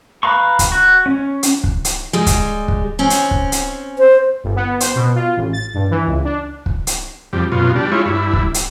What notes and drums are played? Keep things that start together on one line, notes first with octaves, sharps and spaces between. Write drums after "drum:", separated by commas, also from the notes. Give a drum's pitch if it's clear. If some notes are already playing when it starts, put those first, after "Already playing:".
B4 F5 A#5 B5 C#6
drum: kick, hi-hat
F#4
C#4
drum: hi-hat
drum: kick
drum: hi-hat
G3 G#3
drum: kick, hi-hat
drum: kick
C4 C#4
drum: hi-hat
drum: kick
drum: hi-hat
C5
G1
B3
C5, drum: hi-hat
B2
F4
A1
A6
G2
E3
C#2
D4
drum: kick
drum: hi-hat
F2 G3
F#2 B2 F4
G3 D4
G#3 E4 F4 C#5
G2 E4
drum: kick
drum: hi-hat